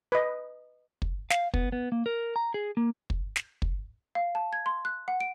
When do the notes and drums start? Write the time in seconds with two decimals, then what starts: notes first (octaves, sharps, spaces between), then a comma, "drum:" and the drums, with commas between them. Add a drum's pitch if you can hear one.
0.12 B4 D#5
1.02 drum: kick
1.31 F5, drum: snare
1.54 B3, drum: kick
1.72 B3
1.92 A#3
2.06 A#4
2.36 A#5
2.54 G#4
2.77 A#3
3.10 drum: kick
3.36 drum: snare
3.62 drum: kick
4.15 F5
4.35 A5
4.53 G#6
4.66 C6
4.85 F#6
5.08 F#5
5.20 D7